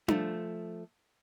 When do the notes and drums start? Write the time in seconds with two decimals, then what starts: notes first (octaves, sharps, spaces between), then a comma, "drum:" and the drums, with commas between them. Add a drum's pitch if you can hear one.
0.08 F3 A3, drum: tom D4